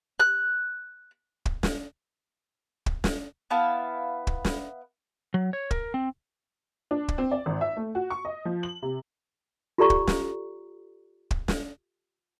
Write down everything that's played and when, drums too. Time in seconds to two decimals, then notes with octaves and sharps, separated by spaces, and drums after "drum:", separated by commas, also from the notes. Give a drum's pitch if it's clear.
0.20 F#6
1.46 drum: kick
1.63 drum: snare
2.86 drum: kick
3.04 drum: snare
3.50 B3 E4 F5 A5
4.27 drum: kick
4.45 drum: snare
5.34 F#3
5.53 C#5
5.71 A#4, drum: kick
5.94 C4
6.91 D4
7.08 drum: kick
7.18 C4
7.31 D5
7.46 G#1
7.61 E5
7.77 A3
7.95 F#4
8.10 C#6
8.25 D#5
8.45 F3
8.63 F#7
8.83 C3
9.78 F4 G4 A4 D5 A#5 C#6
9.90 drum: kick
10.07 drum: snare
11.31 drum: kick
11.48 drum: snare